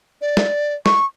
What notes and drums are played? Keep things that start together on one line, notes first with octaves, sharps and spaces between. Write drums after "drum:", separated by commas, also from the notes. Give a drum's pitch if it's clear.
D5
drum: snare
C#6, drum: snare